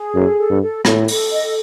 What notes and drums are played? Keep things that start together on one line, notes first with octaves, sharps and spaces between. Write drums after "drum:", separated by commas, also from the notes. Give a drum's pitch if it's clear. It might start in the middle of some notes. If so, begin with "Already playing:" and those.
Already playing: G#4
F#2 A4
A4
G2
A4
A2 A4, drum: rim click
A4, drum: open hi-hat
D#5